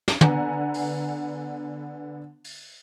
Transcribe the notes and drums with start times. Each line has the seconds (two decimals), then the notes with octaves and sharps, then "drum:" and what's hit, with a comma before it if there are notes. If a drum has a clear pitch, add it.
0.08 drum: snare
0.21 D3 B3 F#5 G#5 A#5, drum: tom
0.74 drum: open hi-hat
2.44 drum: open hi-hat